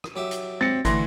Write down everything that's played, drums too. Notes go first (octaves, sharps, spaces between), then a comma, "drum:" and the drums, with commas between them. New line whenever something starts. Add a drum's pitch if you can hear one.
drum: rim click
F#3 G4 E5
drum: hi-hat
C4 A6 A#6 C#7, drum: tom G#3
D3 E3 A3 F#5 C6 A#6, drum: kick, hi-hat